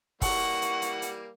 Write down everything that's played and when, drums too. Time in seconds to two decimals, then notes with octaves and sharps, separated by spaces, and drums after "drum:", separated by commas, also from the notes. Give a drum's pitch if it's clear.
0.22 E3 G3 A#3 F#5 C#6, drum: kick, open hi-hat
0.62 drum: hi-hat
0.82 drum: hi-hat
1.02 drum: hi-hat